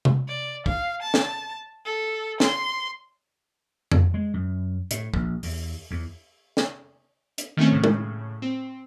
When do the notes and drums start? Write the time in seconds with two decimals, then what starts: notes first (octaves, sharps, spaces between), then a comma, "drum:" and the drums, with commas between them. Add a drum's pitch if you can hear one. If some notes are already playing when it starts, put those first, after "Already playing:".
0.05 drum: tom C3
0.28 D5
0.66 F5, drum: kick
1.02 A5
1.14 drum: snare
1.85 A4
2.40 C6, drum: snare
3.92 drum: tom F2
4.14 G#3
4.34 F#2
4.91 A2, drum: hi-hat
5.14 A#1, drum: kick
5.43 E2, drum: open hi-hat
5.91 E2
6.57 drum: snare
7.38 drum: hi-hat
7.57 D#3 A3 C4 C#4
7.72 A2 C#3
7.84 drum: tom
8.42 C4